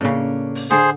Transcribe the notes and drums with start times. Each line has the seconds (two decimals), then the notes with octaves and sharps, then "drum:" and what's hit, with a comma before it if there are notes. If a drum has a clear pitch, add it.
0.01 A2 C#3 A#3 C#4 D4
0.55 drum: open hi-hat
0.71 D3 G#4 C5, drum: snare D4